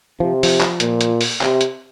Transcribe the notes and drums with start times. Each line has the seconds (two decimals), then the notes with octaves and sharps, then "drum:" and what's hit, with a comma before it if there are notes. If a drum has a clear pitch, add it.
0.20 C3 F3
0.43 F3, drum: open hi-hat
0.61 drum: clap
0.80 A#2, drum: hi-hat
1.01 drum: hi-hat
1.21 drum: open hi-hat
1.41 C3, drum: clap
1.61 drum: hi-hat